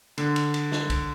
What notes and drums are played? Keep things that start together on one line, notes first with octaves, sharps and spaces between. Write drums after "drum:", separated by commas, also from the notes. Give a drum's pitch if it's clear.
D3, drum: cymbal
drum: cymbal
drum: cymbal
drum: snare
drum: kick, cymbal